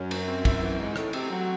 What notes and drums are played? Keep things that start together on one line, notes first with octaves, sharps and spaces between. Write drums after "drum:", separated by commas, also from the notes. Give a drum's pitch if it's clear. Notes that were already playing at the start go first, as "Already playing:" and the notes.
Already playing: F#2 C#4
F#3, drum: cymbal
C4
E4, drum: kick, cymbal
E3
G#2 D#4
A2 A3, drum: rim click
C3 A4, drum: cymbal
F#3 C4